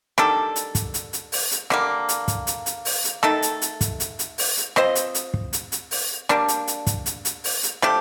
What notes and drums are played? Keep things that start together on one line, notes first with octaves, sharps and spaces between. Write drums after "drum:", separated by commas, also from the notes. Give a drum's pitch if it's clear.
D#3 G3 D4 A4, drum: rim click
drum: hi-hat
drum: kick, hi-hat
drum: hi-hat
drum: hi-hat
drum: open hi-hat
drum: hi-hat
D3 G3 A#3, drum: rim click
drum: hi-hat
drum: kick, hi-hat
drum: hi-hat
drum: hi-hat
drum: open hi-hat
drum: hi-hat
D#3 A3 D#4 A4, drum: rim click
drum: hi-hat
drum: hi-hat
drum: kick, hi-hat
drum: hi-hat
drum: hi-hat
drum: open hi-hat
drum: hi-hat
C4 F4 C5 D#5, drum: rim click
drum: hi-hat
drum: hi-hat
drum: kick
drum: hi-hat
drum: hi-hat
drum: open hi-hat
G3 A#3 D4, drum: rim click
drum: hi-hat
drum: hi-hat
drum: kick, hi-hat
drum: hi-hat
drum: hi-hat
drum: open hi-hat
drum: hi-hat
F3 A3 D4 G4, drum: rim click